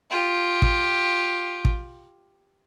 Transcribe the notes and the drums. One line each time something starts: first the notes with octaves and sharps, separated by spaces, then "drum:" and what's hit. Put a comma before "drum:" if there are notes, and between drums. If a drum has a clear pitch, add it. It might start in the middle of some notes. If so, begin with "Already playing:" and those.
F4 G4
drum: kick
drum: kick